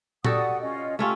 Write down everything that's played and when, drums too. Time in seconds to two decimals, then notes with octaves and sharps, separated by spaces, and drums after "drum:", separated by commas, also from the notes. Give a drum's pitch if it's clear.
0.25 F#4 G4 A4 D5 F#5 D#6, drum: tom A#2
0.61 C#4 F4 D#5
0.99 A3 C#4 F4 G4 A5 E6